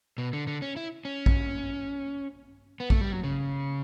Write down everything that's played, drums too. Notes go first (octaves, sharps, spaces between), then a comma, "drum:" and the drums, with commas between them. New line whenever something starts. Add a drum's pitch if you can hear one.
B2
D3
D3
C#4
E4
C#4
drum: kick A#1
B3
A3, drum: kick A#1
G3
F#3
C#3